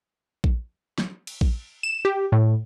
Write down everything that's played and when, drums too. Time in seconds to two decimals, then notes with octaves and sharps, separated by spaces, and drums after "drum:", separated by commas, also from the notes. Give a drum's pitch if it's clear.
0.44 drum: kick A#1
0.98 drum: snare
1.27 drum: cymbal
1.41 drum: kick A#1
1.83 E7
2.05 G4
2.32 A2